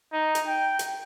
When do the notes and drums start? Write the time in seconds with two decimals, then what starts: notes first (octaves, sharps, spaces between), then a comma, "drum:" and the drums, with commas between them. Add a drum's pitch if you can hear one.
0.13 D#4
0.35 drum: hi-hat
0.48 G5
0.79 drum: hi-hat